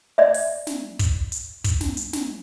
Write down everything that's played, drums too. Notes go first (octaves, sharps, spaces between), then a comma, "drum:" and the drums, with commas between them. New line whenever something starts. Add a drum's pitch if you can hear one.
D5 E5
drum: open hi-hat
drum: snare
drum: kick, hi-hat
drum: hi-hat
drum: kick, hi-hat
drum: snare
drum: hi-hat
drum: snare